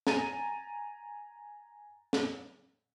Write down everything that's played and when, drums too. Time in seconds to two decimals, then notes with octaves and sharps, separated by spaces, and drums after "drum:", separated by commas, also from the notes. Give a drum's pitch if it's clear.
0.07 G#5 A#5 A6 D#7, drum: snare
2.13 drum: snare